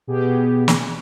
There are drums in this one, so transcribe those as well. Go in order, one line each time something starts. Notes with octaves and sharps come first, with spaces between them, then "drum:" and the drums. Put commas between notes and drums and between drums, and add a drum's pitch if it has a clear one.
B2 B3 G4 G#4
drum: snare